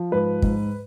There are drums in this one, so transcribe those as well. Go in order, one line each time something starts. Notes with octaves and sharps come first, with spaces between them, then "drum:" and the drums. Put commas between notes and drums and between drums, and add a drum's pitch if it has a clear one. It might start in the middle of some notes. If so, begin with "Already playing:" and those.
Already playing: F3
G#2 B4
G#2, drum: kick